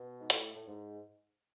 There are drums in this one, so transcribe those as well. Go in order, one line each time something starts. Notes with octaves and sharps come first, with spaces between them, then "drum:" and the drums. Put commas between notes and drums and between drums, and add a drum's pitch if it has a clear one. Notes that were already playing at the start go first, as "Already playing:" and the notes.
Already playing: B2
G#2
A2, drum: hi-hat
A2
G#2